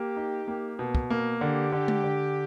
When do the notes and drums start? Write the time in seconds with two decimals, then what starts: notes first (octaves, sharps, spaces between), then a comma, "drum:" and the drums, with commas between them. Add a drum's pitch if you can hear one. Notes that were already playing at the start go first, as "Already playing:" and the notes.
Already playing: A#3 G4
0.17 D#4
0.48 A#3
0.79 B2
0.95 drum: kick
1.10 A#3
1.41 D3 G4
1.72 D3
1.88 drum: tom G#3
2.04 D3